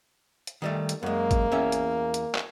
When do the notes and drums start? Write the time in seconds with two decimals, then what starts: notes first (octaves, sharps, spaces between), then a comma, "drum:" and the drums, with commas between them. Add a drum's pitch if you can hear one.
0.47 drum: hi-hat
0.62 D#3 G3 A3
0.89 drum: hi-hat
1.03 F#2 G#3 A#3
1.31 drum: kick, hi-hat
1.52 E2 C#4 E5
1.72 drum: hi-hat
2.14 drum: hi-hat
2.35 drum: clap